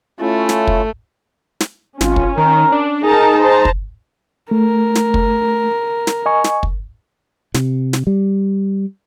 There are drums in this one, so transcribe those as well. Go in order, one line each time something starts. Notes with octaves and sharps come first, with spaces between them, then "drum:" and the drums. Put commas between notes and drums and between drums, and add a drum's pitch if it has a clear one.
A3 C#4 E4 F4
drum: snare
drum: kick
drum: snare
G#1 C#4 F4, drum: snare
drum: kick
D#3 A#4
D4
D#4 G#4 A#4 A5 A#5
C5 A5 A#5
drum: kick
A3 A#4
drum: snare
drum: kick
drum: snare
D#5 G#5 C#6
drum: snare
drum: kick
C3, drum: snare
drum: snare
G3